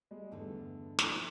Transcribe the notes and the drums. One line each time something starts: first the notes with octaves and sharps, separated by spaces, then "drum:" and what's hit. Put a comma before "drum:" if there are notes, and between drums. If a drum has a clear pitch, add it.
G3 G#3
E2 G2 D3 A3
F3 E4, drum: snare